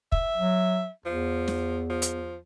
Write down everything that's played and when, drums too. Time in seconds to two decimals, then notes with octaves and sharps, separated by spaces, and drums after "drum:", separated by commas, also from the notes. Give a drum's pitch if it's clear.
0.12 E5, drum: kick
0.37 F#3
1.06 E2 F3
1.48 drum: snare
1.90 F3
2.02 drum: hi-hat